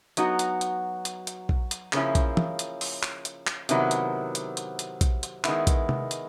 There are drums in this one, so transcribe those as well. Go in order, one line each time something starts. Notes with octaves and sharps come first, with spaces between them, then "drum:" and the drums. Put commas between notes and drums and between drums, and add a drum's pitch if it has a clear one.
F#3 B3 D#4 F#4, drum: hi-hat
drum: hi-hat
drum: hi-hat
drum: hi-hat
drum: hi-hat
drum: kick A#1
drum: hi-hat
C#3 F3 A#3 C#4 E4, drum: clap
drum: kick A#1, hi-hat
drum: tom
drum: hi-hat
drum: open hi-hat
drum: clap
drum: hi-hat
drum: clap
C3 D#3 F#3 B3 E4, drum: hi-hat
drum: hi-hat
drum: hi-hat
drum: hi-hat
drum: hi-hat
drum: kick A#1, hi-hat
drum: hi-hat
D#3 G#3 B3 E4, drum: clap
drum: kick A#1, hi-hat
drum: tom C3
drum: hi-hat